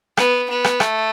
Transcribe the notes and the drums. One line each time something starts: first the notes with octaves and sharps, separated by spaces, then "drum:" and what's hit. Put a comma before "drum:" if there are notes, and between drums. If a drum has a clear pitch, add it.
B3, drum: rim click
B3
drum: rim click
A3, drum: rim click